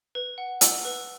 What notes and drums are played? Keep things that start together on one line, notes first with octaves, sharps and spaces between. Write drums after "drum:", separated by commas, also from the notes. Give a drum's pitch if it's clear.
B4
F#5
E6, drum: hi-hat
B4